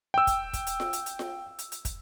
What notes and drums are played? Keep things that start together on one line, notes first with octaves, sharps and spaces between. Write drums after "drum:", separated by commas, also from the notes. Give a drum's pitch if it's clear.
G5 E6
drum: kick, hi-hat
drum: kick, hi-hat
drum: hi-hat
drum: snare F4
drum: hi-hat
drum: hi-hat
drum: snare F4
drum: hi-hat
drum: hi-hat
drum: kick, hi-hat